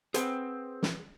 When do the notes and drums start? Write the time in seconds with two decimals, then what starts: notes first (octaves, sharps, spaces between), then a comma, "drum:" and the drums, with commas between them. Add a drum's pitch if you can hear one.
0.14 C4 G#4 B4 F#5, drum: hi-hat
0.83 drum: snare